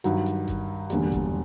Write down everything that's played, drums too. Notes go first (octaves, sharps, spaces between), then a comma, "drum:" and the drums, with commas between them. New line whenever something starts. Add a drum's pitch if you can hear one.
G2 D#3 F#3, drum: hi-hat
drum: hi-hat
drum: kick G1, hi-hat
E1 D#2 D3 G3, drum: hi-hat
drum: kick G1, hi-hat